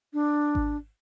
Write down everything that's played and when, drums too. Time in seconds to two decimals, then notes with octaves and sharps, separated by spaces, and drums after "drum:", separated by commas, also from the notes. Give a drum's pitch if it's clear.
0.13 D4
0.55 drum: kick G#1